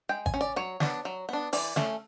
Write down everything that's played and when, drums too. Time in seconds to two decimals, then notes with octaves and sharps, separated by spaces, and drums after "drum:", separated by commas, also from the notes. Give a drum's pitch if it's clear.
0.09 G#3 G5
0.26 G#5, drum: kick G#1
0.34 C#4
0.41 D5
0.56 F#3 C#5
0.80 B3 D4, drum: snare
1.05 F#3
1.29 B3 D4
1.53 E3 D5, drum: open hi-hat
1.76 A3 C#4, drum: snare